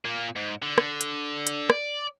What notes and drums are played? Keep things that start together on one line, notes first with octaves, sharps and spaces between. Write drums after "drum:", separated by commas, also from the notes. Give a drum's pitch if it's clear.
A#2 A#3
G#2
D3
drum: rim click
drum: hi-hat
drum: hi-hat
D5, drum: rim click